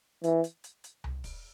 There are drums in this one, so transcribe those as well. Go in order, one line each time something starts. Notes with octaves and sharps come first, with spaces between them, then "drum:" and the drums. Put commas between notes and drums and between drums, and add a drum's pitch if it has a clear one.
E3, drum: hi-hat
drum: hi-hat
drum: hi-hat
drum: hi-hat
drum: tom C2
drum: kick, open hi-hat